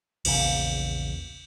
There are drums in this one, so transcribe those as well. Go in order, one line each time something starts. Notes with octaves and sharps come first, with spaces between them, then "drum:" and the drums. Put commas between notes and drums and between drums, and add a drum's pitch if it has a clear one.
A#1 E2 C#3 A#3, drum: cymbal